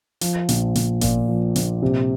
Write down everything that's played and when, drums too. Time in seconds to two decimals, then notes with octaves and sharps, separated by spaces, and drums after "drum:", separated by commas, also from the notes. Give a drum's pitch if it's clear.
0.21 F3, drum: hi-hat
0.49 A#1, drum: hi-hat
0.75 A#1, drum: hi-hat
1.01 A#2, drum: kick G#1, hi-hat
1.29 F3
1.56 A#1, drum: hi-hat
1.82 C3